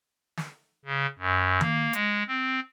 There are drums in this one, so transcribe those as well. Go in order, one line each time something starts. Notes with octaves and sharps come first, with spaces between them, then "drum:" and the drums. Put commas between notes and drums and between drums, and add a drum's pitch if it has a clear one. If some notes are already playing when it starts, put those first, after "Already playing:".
drum: snare
C#3
F#2
A#3, drum: tom D#3
G#3, drum: hi-hat
C4